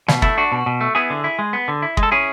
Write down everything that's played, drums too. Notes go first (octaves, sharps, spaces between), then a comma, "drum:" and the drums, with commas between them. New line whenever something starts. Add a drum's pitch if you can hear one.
B2, drum: snare
A3 E4, drum: kick
D4 F#4
B2
B2
A3
B3 E4 G#4
D3
E4
G#3
B3
D3
E4
G#3, drum: kick
A4
C#4 E4 G#4